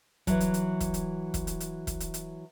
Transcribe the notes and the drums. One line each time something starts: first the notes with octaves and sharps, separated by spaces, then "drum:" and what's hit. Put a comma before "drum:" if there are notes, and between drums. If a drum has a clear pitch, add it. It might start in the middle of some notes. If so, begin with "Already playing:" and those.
E3 F#3, drum: kick, hi-hat
drum: hi-hat
drum: hi-hat
drum: kick, hi-hat
drum: hi-hat
drum: kick, hi-hat
drum: hi-hat
drum: hi-hat
drum: kick, hi-hat
drum: hi-hat
drum: hi-hat